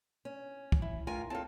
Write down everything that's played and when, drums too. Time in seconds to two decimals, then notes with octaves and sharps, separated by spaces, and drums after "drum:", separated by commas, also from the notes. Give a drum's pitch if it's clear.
0.25 C#4
0.72 drum: kick
0.82 E4
1.07 A2 F4 A#4 G#5
1.30 C4 F4 A4 C#5 A5